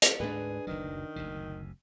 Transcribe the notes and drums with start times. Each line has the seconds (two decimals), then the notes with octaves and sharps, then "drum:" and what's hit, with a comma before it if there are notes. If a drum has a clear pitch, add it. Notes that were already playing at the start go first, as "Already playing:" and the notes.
0.02 drum: hi-hat
0.20 D2 G#2 D4 G#4 B4
0.67 F#1 D2 D#3 F#3
1.16 F#1 D2 C3